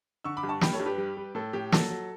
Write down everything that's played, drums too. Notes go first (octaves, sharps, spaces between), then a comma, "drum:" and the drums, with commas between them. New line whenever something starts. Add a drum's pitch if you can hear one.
D3 C#6 E6
B5 D6
G2
A5 C#6
G3 G5 B5, drum: snare
A4 C#5
G2
G4 B4
G3
G3
A2 A4
A2 G4
F#3 A4, drum: snare
F#3